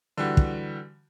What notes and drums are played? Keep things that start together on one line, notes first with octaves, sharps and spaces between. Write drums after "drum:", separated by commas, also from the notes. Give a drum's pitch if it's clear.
D3 E3 G3 F#4
drum: kick